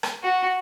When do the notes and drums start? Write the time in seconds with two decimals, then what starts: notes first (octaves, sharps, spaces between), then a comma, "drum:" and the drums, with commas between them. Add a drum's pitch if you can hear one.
0.03 drum: rim click
0.23 F#4